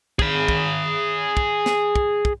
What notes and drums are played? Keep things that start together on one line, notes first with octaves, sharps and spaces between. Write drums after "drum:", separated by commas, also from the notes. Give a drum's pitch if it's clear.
G#4 B5, drum: kick
drum: kick
drum: kick
drum: snare
drum: kick
drum: kick